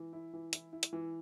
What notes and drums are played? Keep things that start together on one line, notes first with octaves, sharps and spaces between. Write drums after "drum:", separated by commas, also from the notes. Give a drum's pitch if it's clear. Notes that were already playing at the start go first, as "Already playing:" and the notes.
Already playing: E3
E4
E3
E4, drum: hi-hat
E4
drum: hi-hat
E3